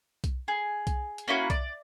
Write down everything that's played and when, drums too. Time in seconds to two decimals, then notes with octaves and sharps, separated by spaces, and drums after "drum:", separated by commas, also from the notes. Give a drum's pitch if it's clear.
0.24 drum: kick B1, hi-hat
0.48 G#4
0.87 drum: kick B1, hi-hat
1.18 drum: hi-hat
1.28 A#3 C#4 E4 F#4
1.50 D5, drum: kick B1, hi-hat